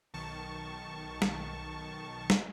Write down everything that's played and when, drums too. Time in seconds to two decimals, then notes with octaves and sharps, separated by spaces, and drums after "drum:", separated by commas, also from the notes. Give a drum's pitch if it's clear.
0.14 B1 D#3 A5 C#6
1.22 drum: snare
2.30 drum: snare